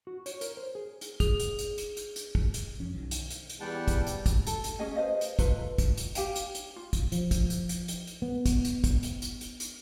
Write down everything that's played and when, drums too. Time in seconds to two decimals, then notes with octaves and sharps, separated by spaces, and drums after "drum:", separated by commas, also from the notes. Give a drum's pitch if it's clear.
0.07 F#4
0.26 C#5, drum: hi-hat
0.41 A#4, drum: hi-hat
0.57 C5
0.75 G#4
1.01 drum: hi-hat
1.20 G#4, drum: kick, hi-hat
1.40 drum: hi-hat
1.59 drum: hi-hat
1.78 drum: hi-hat
1.97 drum: hi-hat
2.16 drum: hi-hat
2.35 drum: kick
2.54 drum: hi-hat
2.79 F#2 F3 C#4
2.93 B1 D#3 F#3
3.11 drum: hi-hat
3.30 drum: hi-hat
3.49 drum: hi-hat
3.60 E2 G3 F#5 G5 A5
3.88 drum: kick, hi-hat
4.07 drum: hi-hat
4.26 drum: kick, hi-hat
4.47 A4, drum: hi-hat
4.64 drum: hi-hat
4.79 C#4 G#4 D#5 G#5
4.95 B4 C5 D#5 F5
5.21 drum: hi-hat
5.39 F4 A4 B4 A#5, drum: kick, hi-hat
5.78 drum: kick, hi-hat
5.97 drum: hi-hat
6.15 G4 F5 G5 G#5, drum: hi-hat
6.36 drum: hi-hat
6.55 drum: hi-hat
6.76 F4
6.93 drum: kick, hi-hat
7.12 F3, drum: hi-hat
7.31 drum: kick, hi-hat
7.50 drum: hi-hat
7.69 drum: hi-hat
7.88 drum: hi-hat
8.07 drum: hi-hat
8.22 B3
8.46 drum: kick, hi-hat
8.65 drum: hi-hat
8.84 drum: kick, hi-hat
9.03 drum: hi-hat
9.22 drum: hi-hat
9.41 drum: hi-hat
9.60 drum: hi-hat